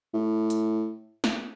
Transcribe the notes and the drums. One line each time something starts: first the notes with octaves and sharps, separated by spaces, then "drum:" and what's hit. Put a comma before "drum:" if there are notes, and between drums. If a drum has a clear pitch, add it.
A2
drum: hi-hat
drum: snare